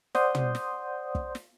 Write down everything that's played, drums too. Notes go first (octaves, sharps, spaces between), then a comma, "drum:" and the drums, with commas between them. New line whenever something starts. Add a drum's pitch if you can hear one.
C5 D5 F#5 C6 D#6 G6, drum: snare
drum: tom
drum: snare
drum: kick
drum: snare